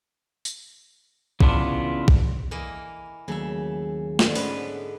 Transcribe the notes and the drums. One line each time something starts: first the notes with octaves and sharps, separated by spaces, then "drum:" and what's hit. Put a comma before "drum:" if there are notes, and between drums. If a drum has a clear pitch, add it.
drum: tambourine
C#3 E3 B3 D4 F4, drum: kick
drum: kick
E3 A#3 D#5
D#2 C#3 F#3 A3 E5
G#2 D3, drum: snare
B3 C#4 B4 C5, drum: open hi-hat